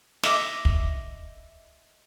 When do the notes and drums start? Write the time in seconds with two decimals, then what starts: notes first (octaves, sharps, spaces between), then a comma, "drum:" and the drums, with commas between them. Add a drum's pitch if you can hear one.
0.23 D#5 E5 D6, drum: snare
0.65 drum: kick